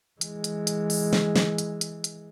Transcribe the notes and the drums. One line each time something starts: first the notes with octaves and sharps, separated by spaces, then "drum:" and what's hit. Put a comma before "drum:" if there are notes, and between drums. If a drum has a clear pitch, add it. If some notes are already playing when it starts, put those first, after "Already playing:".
E3 G#3, drum: hi-hat
drum: hi-hat
drum: hi-hat
drum: open hi-hat
drum: snare
drum: snare
drum: hi-hat
drum: hi-hat
drum: hi-hat